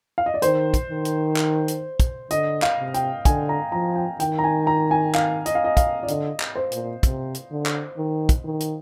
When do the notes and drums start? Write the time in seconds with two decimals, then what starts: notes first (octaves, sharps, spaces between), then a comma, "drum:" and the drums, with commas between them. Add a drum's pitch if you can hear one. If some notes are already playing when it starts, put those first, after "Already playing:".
0.18 F5
0.26 D#5
0.34 D5
0.42 D#3 C5, drum: hi-hat
0.74 drum: kick, hi-hat
0.90 D#3
1.05 drum: hi-hat
1.37 drum: clap
1.68 drum: hi-hat
2.00 drum: kick, hi-hat
2.31 D3 D#5, drum: hi-hat
2.62 F5, drum: clap
2.78 C3
2.94 G5, drum: hi-hat
3.25 D3 G#5, drum: kick, hi-hat
3.49 A#5
3.72 F3 A#5
3.96 G5
4.20 D#3 G5, drum: hi-hat
4.39 A#5
4.44 G#5
4.67 A#5
4.91 G#5
5.15 F5, drum: clap
5.46 D#5, drum: hi-hat
5.55 F5
5.64 D#5
5.77 F5, drum: kick, hi-hat
6.03 D5
6.08 D3 D#5, drum: hi-hat
6.40 drum: clap
6.55 C5
6.72 A#2, drum: hi-hat
7.03 C3, drum: kick, hi-hat
7.35 drum: hi-hat
7.51 D3
7.66 drum: clap
7.97 D#3
8.29 drum: kick, hi-hat
8.44 D#3
8.60 drum: hi-hat